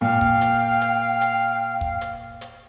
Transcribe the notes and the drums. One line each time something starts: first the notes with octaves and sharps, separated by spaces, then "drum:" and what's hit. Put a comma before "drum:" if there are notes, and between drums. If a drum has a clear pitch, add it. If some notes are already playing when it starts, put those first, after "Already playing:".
A#2 F5 G5
drum: kick
drum: hi-hat
drum: hi-hat
drum: hi-hat
drum: kick
drum: hi-hat
drum: hi-hat